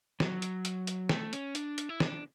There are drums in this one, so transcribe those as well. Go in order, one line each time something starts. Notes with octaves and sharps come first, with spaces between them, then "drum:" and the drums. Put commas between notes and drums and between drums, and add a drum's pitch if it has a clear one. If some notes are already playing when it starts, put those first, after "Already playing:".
F#3, drum: snare
drum: hi-hat
drum: hi-hat
drum: hi-hat
A3, drum: snare
C#4, drum: hi-hat
D4, drum: hi-hat
drum: hi-hat
E4
D4, drum: snare